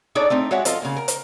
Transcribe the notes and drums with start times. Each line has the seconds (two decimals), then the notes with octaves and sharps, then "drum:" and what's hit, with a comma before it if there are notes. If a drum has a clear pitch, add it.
0.15 D4 D#4 G#4 A4 C#5 D5
0.30 A3 C4 D#4
0.51 G#3 F#4 C#5 E5 F#5
0.65 F3 F4 A4 D#5, drum: hi-hat
0.82 C#3 A#3
0.97 A#4
1.08 drum: hi-hat